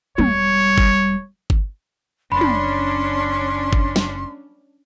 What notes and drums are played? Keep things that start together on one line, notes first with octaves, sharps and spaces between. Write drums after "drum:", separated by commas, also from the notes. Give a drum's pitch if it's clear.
E1 G3 C#5, drum: tom
drum: kick G1
drum: kick G1
F#1 C#4 D4 B5 C6
drum: tom
drum: kick G1
drum: snare